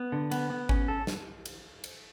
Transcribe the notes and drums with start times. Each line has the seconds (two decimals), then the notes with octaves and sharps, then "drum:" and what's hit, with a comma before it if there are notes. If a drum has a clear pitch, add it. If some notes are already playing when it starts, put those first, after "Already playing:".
Already playing: B3
0.12 D3
0.31 B3, drum: cymbal
0.50 B3
0.69 C#4, drum: kick G#1
0.88 A4
1.07 drum: snare
1.45 drum: cymbal
1.84 drum: cymbal